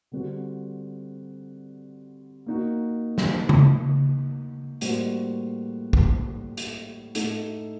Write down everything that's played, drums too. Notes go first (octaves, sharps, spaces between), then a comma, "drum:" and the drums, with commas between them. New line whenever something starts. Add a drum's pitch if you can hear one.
D3 G3 C4 F#4
A#3 D#4 F#4
drum: snare
drum: tom C#3
A2 G3 A#3 F#4 C5, drum: hi-hat
drum: kick
drum: hi-hat
A2 A3 D#4, drum: hi-hat